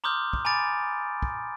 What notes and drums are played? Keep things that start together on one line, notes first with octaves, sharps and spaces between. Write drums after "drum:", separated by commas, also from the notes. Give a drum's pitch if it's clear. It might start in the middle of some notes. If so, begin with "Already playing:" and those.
A#5 C6 D6 D#6 F6 G6
drum: kick
G#5 A#5 B5 D6 A6 D7
drum: kick